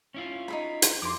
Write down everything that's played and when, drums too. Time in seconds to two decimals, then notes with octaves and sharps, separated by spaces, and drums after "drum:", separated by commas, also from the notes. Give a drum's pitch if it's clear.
0.14 C#4 E4 F4
0.48 D#4 A4 B5
0.82 drum: hi-hat
1.02 F2 C6 D6